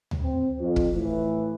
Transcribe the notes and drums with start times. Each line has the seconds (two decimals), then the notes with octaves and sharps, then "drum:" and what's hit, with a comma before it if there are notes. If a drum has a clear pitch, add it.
0.11 drum: tom D2
0.22 C4
0.60 F2
0.76 drum: kick
0.94 A2 E3